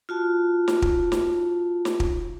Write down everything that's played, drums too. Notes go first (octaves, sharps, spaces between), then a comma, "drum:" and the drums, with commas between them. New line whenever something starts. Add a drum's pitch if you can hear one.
F4 F#4 A5
drum: snare
drum: kick
drum: snare
drum: snare
drum: kick